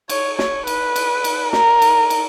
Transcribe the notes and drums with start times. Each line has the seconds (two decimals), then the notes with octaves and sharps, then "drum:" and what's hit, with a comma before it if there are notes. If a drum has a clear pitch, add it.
0.09 C#5, drum: cymbal
0.39 C#5, drum: snare
0.67 B4, drum: cymbal
0.96 drum: cymbal
1.24 drum: cymbal
1.53 A#4, drum: snare
1.82 drum: cymbal
2.10 drum: cymbal